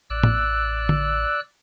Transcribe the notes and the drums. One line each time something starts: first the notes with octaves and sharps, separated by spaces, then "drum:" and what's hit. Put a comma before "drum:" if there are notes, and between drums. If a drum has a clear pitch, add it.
A1 D5 E6 F#6
drum: tom
drum: tom D3